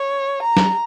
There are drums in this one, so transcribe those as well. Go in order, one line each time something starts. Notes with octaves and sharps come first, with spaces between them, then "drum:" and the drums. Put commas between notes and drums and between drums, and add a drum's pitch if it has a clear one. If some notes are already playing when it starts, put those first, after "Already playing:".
Already playing: C#5
A#5
drum: snare